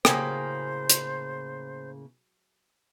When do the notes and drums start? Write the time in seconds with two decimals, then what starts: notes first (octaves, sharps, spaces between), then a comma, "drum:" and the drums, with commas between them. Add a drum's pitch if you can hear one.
0.05 A2 C#3 F#3 A#3 G4 G#4 C5, drum: rim click
0.90 drum: hi-hat